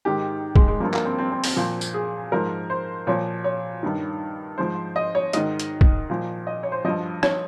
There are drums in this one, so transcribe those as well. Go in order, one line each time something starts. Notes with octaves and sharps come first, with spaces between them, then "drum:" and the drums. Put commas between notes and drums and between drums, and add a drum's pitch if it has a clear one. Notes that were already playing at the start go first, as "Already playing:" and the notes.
G#2 D#3 G4
G#3, drum: kick
G#3
G2 F3 A#3
A#3, drum: clap
C4
C4
C4
C4, drum: open hi-hat
A#2 F3
drum: tambourine
G#4
G#2 F3 A#4
C5
A#2 F3 C#5
C#5
G2 D#3
G#2 F3 C5
D#5
C#5
G#2 D#3 D#5, drum: hi-hat
drum: hi-hat
drum: kick
A#2 F3
D#5
C#5
C5
G2 F3 D#5
C#5, drum: rim click